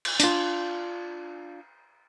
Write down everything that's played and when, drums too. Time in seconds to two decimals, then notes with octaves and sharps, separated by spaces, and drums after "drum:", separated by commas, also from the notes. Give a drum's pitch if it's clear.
0.05 drum: cymbal
0.20 D4 F4, drum: hi-hat